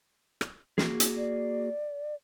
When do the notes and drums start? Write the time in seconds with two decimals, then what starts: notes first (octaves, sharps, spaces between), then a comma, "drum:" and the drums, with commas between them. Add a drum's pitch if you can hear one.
0.41 drum: rim click
0.78 A#3 F#4 G#4, drum: snare
1.00 drum: hi-hat
1.17 D5